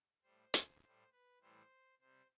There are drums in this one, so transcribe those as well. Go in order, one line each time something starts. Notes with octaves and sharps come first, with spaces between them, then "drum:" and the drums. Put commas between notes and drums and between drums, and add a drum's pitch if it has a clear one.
A2 G3 C5
drum: hi-hat
A2 G3 C5
B4
A2 E3 G3 C5
C3 G3 C5